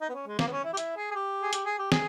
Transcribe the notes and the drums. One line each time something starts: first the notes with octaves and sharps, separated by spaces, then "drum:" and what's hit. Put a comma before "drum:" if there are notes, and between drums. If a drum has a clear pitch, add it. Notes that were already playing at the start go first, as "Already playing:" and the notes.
D#4
B3
C#4
G#3
A#3, drum: snare
B3
C#4
E4
G4
E4, drum: hi-hat
G#4
G#4
G4
G#4
G4, drum: hi-hat
G#4
G4
G#4, drum: snare